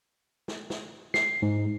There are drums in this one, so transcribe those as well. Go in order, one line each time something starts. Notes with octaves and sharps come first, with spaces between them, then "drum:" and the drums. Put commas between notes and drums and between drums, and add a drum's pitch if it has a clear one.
drum: snare
drum: snare
C7, drum: snare
G#2